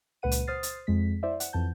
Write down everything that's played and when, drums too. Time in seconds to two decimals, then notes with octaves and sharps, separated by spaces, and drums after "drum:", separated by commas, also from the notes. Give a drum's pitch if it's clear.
0.22 C#2 A#2 B4 F#5 D#7
0.31 drum: hi-hat
0.47 C5 D#6 F6 A6 C7
0.63 drum: hi-hat
0.87 F2 G#3 B6
1.23 E4 C5 D5 E5
1.40 F#5, drum: hi-hat
1.53 F2 E3 A5 G6